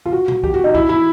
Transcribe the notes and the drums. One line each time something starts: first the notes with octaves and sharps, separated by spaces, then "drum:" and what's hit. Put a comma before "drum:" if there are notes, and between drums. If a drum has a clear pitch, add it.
F4
F#4
drum: tom A#2
G4, drum: kick
F#4
D#4
E4, drum: kick
E4